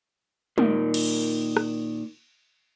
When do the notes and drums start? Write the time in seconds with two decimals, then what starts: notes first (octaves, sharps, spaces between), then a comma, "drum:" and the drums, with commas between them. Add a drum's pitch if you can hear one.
0.58 A#2 D#3, drum: tom G#3
0.94 drum: cymbal
1.57 drum: rim click